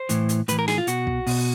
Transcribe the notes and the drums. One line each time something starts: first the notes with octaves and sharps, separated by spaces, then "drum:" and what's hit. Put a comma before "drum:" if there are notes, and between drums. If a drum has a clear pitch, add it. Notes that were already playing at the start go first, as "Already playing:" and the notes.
Already playing: C5
A2 E3, drum: hi-hat
drum: hi-hat
A2 E3 B4, drum: hi-hat
A#4
G#4, drum: snare
F4
B2 F#4, drum: hi-hat
drum: kick
B2, drum: open hi-hat